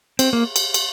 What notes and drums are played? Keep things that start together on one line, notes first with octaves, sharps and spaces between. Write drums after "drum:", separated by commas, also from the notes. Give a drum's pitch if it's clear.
C4, drum: cymbal
A#3
drum: cymbal
drum: cymbal